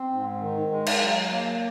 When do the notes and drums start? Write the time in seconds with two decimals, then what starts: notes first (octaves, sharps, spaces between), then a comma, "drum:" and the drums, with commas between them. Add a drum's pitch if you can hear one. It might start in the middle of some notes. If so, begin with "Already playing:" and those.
Already playing: C4
0.12 G#2
0.41 D#3
0.71 G#3
0.86 drum: cymbal
1.00 F#3
1.31 A#3